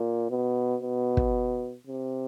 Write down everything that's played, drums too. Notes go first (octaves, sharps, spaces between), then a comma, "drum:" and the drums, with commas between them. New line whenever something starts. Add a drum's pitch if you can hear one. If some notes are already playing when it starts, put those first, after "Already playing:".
Already playing: A#2
B2
B2
drum: kick
C3